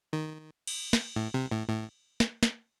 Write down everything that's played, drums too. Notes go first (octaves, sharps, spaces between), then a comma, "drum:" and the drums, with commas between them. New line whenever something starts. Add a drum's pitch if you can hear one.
D#3
drum: cymbal
drum: snare
A2
C3
A2
A2
drum: snare
drum: snare